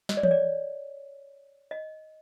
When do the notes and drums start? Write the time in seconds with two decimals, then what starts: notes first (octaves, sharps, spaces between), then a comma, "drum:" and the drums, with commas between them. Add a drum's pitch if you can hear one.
0.09 D#5, drum: snare
0.17 D5
0.23 C#5, drum: tom E3
0.31 D5
1.71 D#5